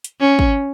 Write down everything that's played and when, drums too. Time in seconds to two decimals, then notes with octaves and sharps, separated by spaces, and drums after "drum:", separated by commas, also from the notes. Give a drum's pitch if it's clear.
0.04 drum: hi-hat
0.20 C#4
0.39 drum: kick